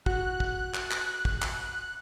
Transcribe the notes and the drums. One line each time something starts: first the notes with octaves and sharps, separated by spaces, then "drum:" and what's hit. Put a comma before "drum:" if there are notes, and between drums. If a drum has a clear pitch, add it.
F#4 F#6, drum: kick
drum: kick
drum: clap
drum: clap
drum: kick
drum: clap